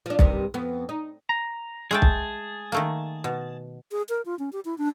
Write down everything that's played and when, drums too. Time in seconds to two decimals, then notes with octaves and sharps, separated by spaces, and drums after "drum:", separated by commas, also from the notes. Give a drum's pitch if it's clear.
0.06 F3 D4
0.19 G2 C3 D#3, drum: kick B1
0.54 F2 B3
0.89 D#4
1.29 A#5
1.91 G#3 A3 G#4 G5 A5
2.02 drum: kick B1
2.72 D#3 A3 A#3
3.24 B2
3.92 G#4
4.09 A#4
4.26 F4
4.39 C#4
4.53 G4
4.65 E4
4.78 D4